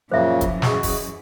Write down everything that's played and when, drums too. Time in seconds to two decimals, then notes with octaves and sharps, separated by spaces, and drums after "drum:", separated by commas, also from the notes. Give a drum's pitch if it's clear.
0.12 F#2 A#2 C#3 E3 F3 A#3 C5 E5
0.41 drum: kick, hi-hat
0.62 F#4 G#4 D#5, drum: snare
0.83 drum: kick, open hi-hat